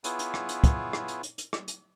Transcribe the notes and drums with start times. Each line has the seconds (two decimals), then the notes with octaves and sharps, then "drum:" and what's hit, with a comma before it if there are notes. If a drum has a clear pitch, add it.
0.04 B3 E4 F4 G#4 B4 C#5, drum: hi-hat
0.19 drum: hi-hat
0.34 drum: rim click
0.49 drum: hi-hat
0.64 drum: kick, hi-hat
0.93 drum: rim click
1.08 drum: hi-hat
1.23 drum: hi-hat
1.38 drum: hi-hat
1.53 drum: rim click
1.68 drum: hi-hat